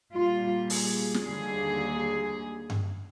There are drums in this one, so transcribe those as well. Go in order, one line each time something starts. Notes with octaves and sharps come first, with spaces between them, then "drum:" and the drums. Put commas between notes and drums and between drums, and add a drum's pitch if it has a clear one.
A#2 G3 F4
G#4, drum: open hi-hat
drum: snare
D#2 D3 G3 G#4
drum: tom G2